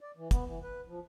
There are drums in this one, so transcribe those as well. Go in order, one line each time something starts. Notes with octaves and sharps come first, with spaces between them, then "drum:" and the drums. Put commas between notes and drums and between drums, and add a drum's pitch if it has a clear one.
D5
E3
B3, drum: kick, hi-hat
E3
B4
F3